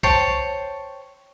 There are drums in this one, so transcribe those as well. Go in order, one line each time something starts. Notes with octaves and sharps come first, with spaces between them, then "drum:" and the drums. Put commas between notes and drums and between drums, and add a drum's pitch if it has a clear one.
C5 C#5 G5 A5, drum: kick